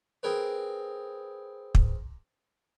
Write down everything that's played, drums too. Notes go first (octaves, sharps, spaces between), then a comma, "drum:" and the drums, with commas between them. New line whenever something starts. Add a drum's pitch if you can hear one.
C4 G#4 A#4 B4
drum: kick